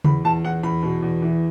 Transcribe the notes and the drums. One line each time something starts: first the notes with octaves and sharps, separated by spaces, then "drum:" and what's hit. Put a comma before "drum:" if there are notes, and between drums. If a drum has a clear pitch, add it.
E2 B5, drum: tom C#3
E2 A5
E2 F#5
E2 B5
B2
E2
E3